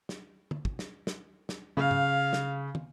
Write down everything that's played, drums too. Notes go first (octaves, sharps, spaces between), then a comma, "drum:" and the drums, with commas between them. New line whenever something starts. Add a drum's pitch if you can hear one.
drum: snare
drum: tom
drum: kick
drum: snare
drum: snare
drum: snare
C#3 F5
drum: tom
drum: snare
drum: tom